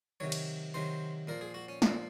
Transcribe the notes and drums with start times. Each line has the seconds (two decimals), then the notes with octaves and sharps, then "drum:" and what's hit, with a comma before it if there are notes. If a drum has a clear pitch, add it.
0.20 C3 D#3 F#3 C#5
0.32 drum: cymbal
0.74 C3 D#3 F#3 C5
1.27 A#2 F3 A#4
1.41 G#4
1.54 F#4
1.68 C#4
1.82 A#2 F3, drum: snare